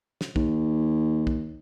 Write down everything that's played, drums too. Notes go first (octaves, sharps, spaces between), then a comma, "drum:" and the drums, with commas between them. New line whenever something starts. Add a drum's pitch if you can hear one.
drum: snare
D#2, drum: kick
drum: kick